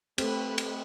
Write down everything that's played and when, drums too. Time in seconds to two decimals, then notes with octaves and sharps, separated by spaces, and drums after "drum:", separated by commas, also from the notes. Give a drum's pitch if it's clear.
0.18 A3 C4 G4 B4, drum: cymbal
0.58 drum: cymbal